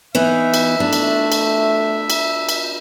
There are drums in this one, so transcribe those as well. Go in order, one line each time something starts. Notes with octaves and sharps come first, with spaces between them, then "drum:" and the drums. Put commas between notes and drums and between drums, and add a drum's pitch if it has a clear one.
E3 B3 D#4 E5
drum: cymbal
A3 D4
drum: cymbal
drum: cymbal
drum: cymbal
drum: cymbal